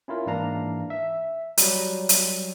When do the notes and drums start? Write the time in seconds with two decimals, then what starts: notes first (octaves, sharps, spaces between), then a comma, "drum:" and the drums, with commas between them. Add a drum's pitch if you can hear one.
0.08 C#4 E4 F4 A#4
0.26 G#2 E3 A#3 D4 F5 A#5
0.90 E5
1.58 F#3 G3, drum: hi-hat
2.09 drum: hi-hat